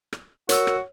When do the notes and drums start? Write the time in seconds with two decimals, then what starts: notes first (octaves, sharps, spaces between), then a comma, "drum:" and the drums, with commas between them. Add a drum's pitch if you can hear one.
0.13 drum: rim click
0.49 F#4 A#4 C#5 E6, drum: hi-hat
0.67 drum: rim click